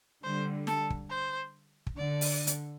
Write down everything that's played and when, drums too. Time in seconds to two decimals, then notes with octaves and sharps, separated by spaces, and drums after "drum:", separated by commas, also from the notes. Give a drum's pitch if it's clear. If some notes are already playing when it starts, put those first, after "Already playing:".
0.24 D3 G3 C5
0.67 A4, drum: snare
0.90 drum: kick
1.10 C5
1.87 drum: kick
1.97 D3 D5
2.21 drum: open hi-hat
2.47 drum: hi-hat